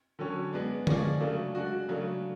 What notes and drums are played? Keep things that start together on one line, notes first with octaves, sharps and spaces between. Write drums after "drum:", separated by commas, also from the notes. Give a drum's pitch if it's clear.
D3 F#3 C#4
G#3 B3 D4
F3 G#3 C#4 G#4 D5, drum: tom D3
C#3 F#3 A3 D4
G#3 D4 F#4
C#3 F#3 A3 D4